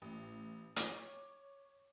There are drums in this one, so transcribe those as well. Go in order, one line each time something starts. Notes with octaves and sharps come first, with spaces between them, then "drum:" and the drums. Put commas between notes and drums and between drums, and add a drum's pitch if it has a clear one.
A1
C#5 D6, drum: hi-hat